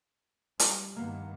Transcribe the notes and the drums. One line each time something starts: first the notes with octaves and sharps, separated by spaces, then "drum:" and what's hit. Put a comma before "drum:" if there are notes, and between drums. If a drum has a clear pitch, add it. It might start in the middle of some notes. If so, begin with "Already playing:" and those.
G3, drum: hi-hat
G2 D#3 A#3 B3